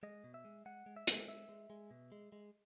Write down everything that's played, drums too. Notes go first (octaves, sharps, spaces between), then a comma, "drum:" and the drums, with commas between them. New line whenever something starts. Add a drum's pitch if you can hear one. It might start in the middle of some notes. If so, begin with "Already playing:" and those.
G#3 D#5
B2
E5
G#3
G#3 F#5
G#3
E5
G#3, drum: hi-hat
G#3 E5
G#3
G#3
B2
G#3
G#3